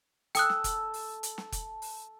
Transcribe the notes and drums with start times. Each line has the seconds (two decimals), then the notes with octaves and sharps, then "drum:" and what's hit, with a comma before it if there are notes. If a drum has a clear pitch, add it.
0.35 A4 G5 D#6 F#6, drum: hi-hat
0.49 drum: snare
0.64 drum: kick F1, hi-hat
0.94 drum: open hi-hat
1.23 drum: hi-hat
1.38 drum: snare
1.52 drum: kick F1, hi-hat
1.82 drum: open hi-hat